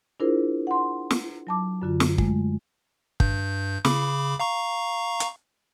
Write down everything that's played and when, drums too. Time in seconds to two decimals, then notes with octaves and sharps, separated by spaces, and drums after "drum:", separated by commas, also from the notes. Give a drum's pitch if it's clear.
0.20 D4 E4 F4 G#4 A#4 C5
0.67 F#5 C6
1.11 drum: snare
1.47 F#3 A5 D6
1.82 F#2 D3 F4
2.00 drum: snare
2.18 G#3 A3, drum: kick
3.20 G2 G6, drum: kick
3.85 C#3 B5 D6, drum: snare
4.40 F5 A#5 C#6
5.20 drum: hi-hat